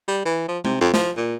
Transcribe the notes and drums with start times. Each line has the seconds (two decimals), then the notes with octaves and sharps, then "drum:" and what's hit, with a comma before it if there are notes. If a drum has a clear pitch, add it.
0.08 G3
0.25 E3
0.48 F3
0.65 C3, drum: tom G#3
0.81 F2
0.94 F3, drum: snare
1.17 A#2